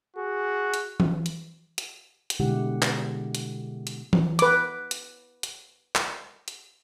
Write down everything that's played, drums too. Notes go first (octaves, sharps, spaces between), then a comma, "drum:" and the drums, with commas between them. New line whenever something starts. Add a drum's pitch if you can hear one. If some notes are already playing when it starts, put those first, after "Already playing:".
F#4 G#4
drum: hi-hat
drum: tom E3
drum: hi-hat
drum: hi-hat
drum: hi-hat
B2 D3 G#3 E4 G4 F#5
drum: clap
drum: hi-hat
drum: hi-hat
drum: tom E3
B4 D6, drum: hi-hat
drum: hi-hat
drum: hi-hat
drum: clap
drum: hi-hat